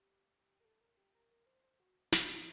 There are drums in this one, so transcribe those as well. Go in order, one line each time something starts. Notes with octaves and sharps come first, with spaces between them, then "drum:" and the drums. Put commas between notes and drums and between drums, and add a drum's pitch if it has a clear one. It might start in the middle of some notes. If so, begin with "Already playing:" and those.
Already playing: G4
A#4
A4
A#4
G4
A#4
A#4
C5
C5
F#4
D5, drum: snare
C5
A4